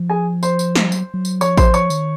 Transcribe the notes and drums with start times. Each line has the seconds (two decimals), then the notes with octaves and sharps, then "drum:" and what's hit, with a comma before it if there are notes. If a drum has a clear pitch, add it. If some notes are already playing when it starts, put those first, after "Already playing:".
Already playing: F3
0.10 G#4 G#5
0.43 C5 C6, drum: tambourine
0.59 drum: tambourine
0.75 drum: snare
0.92 F#3, drum: tambourine
1.14 F#3
1.25 drum: tambourine
1.41 F3 C#5 C#6, drum: tambourine
1.57 C5 C6, drum: kick A1, tambourine
1.74 C#5 C#6, drum: tambourine
1.90 D#3, drum: tambourine